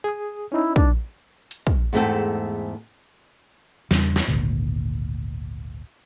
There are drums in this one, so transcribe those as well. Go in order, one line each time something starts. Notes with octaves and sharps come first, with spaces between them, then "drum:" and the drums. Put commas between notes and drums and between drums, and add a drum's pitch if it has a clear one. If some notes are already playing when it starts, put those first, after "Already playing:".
G#4 D#6
C#4 D#4 E4
D4, drum: kick
drum: hi-hat
drum: kick
E2 G#2 A3 C4 A4
E2 C#3 G3 D4, drum: snare
drum: snare
G#1 D2 A#2